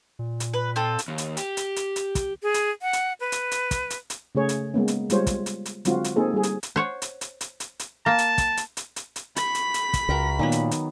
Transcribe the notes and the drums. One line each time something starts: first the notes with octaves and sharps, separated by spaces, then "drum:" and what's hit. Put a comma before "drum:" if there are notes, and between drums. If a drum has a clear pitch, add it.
A#2
drum: hi-hat
B4
C4 F4 A4
drum: hi-hat
D#2
drum: hi-hat
G4, drum: hi-hat
drum: hi-hat
drum: hi-hat
drum: hi-hat
drum: kick, hi-hat
G#4
drum: hi-hat
F#5
drum: hi-hat
B4
drum: hi-hat
drum: hi-hat
drum: kick, hi-hat
drum: hi-hat
drum: hi-hat
C#3 A3 G#4 C#5
drum: hi-hat
G#3 A#3 B3 C#4
drum: hi-hat
G3 G#3 F4 C5 C#5, drum: hi-hat
drum: kick, hi-hat
drum: hi-hat
drum: hi-hat
D3 F#3 G#3 C4 F4 F#4, drum: hi-hat
drum: hi-hat
A#3 C4 D#4 G#4 A4 C5
G3 G#4
drum: hi-hat
drum: hi-hat
C5 C#5 F#5
drum: hi-hat
drum: hi-hat
drum: hi-hat
drum: hi-hat
drum: hi-hat
A#3 A5
drum: hi-hat
drum: kick, hi-hat
drum: hi-hat
drum: hi-hat
drum: hi-hat
drum: hi-hat
B5 C#6 B6, drum: hi-hat
drum: hi-hat
drum: hi-hat
drum: kick, hi-hat
C#2 F#4 A#4 A#5
A#2 D#3 F#3 B3
drum: hi-hat
drum: hi-hat